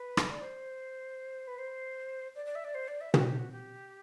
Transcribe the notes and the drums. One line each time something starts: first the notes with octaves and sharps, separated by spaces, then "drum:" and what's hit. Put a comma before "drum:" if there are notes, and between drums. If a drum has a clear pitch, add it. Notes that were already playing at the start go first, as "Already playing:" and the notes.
Already playing: B4
drum: rim click
D5
C5
B4
C5
D5
D5
E5
D5
C5
D5
E5
F#4, drum: tom
G4
F#4
G4